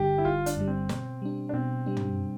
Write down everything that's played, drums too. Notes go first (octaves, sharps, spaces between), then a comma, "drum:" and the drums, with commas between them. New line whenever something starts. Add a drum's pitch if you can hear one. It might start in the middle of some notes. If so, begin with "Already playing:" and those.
Already playing: G1 G2 D3 G3 G4
E4
G1 F4
D4, drum: hi-hat
G2 D3 G3
C4
B2, drum: snare
G3 D4
D4
B2 C4
G3 D4
drum: tom